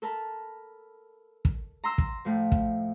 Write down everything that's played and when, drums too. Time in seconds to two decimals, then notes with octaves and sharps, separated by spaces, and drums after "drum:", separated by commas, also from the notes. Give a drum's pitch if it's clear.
0.02 A4 A#4 A5 B5
1.45 drum: kick
1.84 A#5 C6 E6
1.98 drum: kick
2.25 A2 F3
2.52 drum: kick